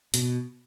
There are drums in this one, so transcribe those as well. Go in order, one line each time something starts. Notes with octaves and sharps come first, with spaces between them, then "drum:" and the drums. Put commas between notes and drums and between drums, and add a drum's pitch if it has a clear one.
B2, drum: hi-hat